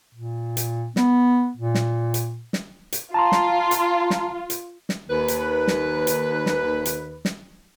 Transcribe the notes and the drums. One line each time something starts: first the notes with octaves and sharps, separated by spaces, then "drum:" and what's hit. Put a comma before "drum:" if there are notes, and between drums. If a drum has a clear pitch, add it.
A#2
drum: hi-hat
B3, drum: snare
A#2
drum: snare
drum: hi-hat
drum: snare
drum: hi-hat
F4 A5 A#5 C6
drum: snare
drum: hi-hat
drum: snare
drum: hi-hat
drum: snare
D#2 B4
drum: hi-hat
drum: snare
drum: hi-hat
drum: snare
drum: hi-hat
drum: snare